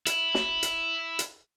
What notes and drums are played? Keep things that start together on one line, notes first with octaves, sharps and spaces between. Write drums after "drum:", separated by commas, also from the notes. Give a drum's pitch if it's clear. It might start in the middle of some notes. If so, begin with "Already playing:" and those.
E4, drum: hi-hat
drum: snare
drum: hi-hat
drum: hi-hat